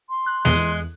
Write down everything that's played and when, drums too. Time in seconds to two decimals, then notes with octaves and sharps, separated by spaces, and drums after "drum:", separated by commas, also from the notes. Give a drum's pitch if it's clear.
0.10 C6
0.26 F#6
0.45 E2 G#3 F#6, drum: snare